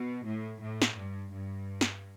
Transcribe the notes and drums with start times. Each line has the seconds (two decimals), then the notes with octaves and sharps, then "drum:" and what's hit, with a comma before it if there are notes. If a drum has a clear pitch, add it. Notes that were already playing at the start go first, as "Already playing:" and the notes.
Already playing: B2
0.25 A2
0.61 A2
0.82 drum: snare
0.97 G2
1.33 G2
1.81 drum: snare